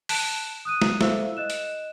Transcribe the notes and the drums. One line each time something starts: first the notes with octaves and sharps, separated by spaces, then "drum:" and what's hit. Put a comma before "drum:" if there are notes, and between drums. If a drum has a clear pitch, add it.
A5 F#6 E7, drum: open hi-hat
D#6 F#6 D#7
drum: snare
E4 A4 C5 E5 F5 E6, drum: snare
D#5 F#6 E7
drum: hi-hat